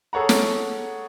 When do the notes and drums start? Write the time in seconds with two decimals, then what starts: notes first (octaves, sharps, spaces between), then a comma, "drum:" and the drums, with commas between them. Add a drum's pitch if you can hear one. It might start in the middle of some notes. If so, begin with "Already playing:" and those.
0.13 G#4 A4 C#5 F#5 A#5
0.29 drum: snare